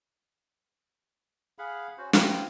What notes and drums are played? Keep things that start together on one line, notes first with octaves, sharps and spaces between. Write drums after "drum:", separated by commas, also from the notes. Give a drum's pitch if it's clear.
G#4 F5 F#5 B5
C#4 F#4 C5
C4 E4 F4, drum: snare